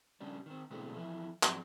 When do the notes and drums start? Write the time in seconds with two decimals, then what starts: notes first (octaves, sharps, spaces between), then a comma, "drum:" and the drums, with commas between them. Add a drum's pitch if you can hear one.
0.20 C#3 G3 C#4 D4
0.46 D#3 C4
0.70 B2 D3 E3 G#3 A3 C4
0.95 F2 E3 F3 E4
1.43 G#2 F3 F#3 G#3 C4 D4, drum: clap